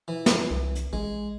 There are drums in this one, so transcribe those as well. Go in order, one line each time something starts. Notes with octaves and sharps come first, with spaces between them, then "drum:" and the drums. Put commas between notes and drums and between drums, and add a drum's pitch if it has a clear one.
E3
drum: snare
C2
drum: hi-hat
A1 G#3